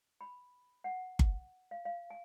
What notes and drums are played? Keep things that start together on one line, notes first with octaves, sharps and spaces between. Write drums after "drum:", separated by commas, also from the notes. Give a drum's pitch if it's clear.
B5
F#5
drum: kick G1
F5
F5
G#5